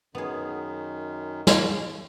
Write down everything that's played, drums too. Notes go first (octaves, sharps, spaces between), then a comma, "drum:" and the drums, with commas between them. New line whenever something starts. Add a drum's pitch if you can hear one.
F#2 D#3 B3 G#4
drum: snare